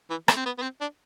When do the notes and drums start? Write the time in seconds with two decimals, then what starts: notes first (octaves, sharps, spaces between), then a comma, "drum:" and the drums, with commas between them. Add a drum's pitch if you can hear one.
0.10 E3
0.28 A3, drum: rim click
0.37 C4
0.46 B3
0.58 B3
0.62 C4
0.81 D4